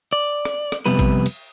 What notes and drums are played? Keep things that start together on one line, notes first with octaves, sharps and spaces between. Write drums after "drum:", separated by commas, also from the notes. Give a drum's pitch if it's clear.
D5
drum: rim click
drum: rim click
F2 C3 G3 B3 B4
drum: kick A1, cymbal
drum: cymbal